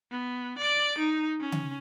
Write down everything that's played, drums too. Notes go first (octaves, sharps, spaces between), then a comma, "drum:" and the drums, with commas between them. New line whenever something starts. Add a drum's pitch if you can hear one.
B3
D5 D7
D#4
C#4
drum: tom C#3